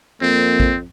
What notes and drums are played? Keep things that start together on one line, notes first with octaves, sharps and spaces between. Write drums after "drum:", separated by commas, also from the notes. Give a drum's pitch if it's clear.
F2 A#3 C4
drum: kick A1